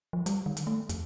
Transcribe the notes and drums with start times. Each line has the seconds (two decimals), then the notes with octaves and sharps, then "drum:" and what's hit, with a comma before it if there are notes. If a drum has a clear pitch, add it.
0.13 F3
0.26 G3, drum: hi-hat
0.46 D#3
0.57 drum: hi-hat
0.67 A3
0.89 F2, drum: hi-hat